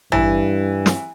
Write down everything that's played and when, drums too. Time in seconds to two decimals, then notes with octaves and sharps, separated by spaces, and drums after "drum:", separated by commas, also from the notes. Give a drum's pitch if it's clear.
0.12 G2 E3, drum: tom
0.86 drum: snare